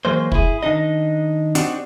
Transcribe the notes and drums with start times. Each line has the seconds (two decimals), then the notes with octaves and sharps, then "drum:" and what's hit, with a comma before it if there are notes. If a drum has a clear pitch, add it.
0.05 E3 F#3 G#3 A#3 C5
0.32 E4 G#4, drum: kick
0.63 D#3 D4 D#4 D#5
1.55 C4 D4 D#4 F#4 G4, drum: hi-hat